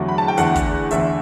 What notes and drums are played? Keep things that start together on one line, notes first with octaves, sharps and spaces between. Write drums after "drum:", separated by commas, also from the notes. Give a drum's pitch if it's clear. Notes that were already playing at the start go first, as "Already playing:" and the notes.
Already playing: E2 D3 F#3 A3 F#5
B5
A5
G5
E2 D3 A3 F#5, drum: hi-hat
drum: kick, hi-hat
E2 D3 A3 E5, drum: hi-hat